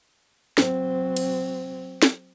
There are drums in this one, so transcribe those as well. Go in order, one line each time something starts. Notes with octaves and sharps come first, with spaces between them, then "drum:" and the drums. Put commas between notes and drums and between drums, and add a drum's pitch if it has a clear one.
F#3 C4, drum: snare
drum: cymbal
drum: snare